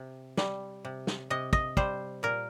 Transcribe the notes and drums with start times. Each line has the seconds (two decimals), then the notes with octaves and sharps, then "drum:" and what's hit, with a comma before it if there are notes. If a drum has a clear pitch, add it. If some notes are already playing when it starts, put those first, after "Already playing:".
Already playing: C3
0.37 G3, drum: snare
0.85 C3
1.07 drum: snare
1.30 C3 D#5
1.53 D#5, drum: kick
1.77 G3 C5, drum: kick
2.23 A#2 A#4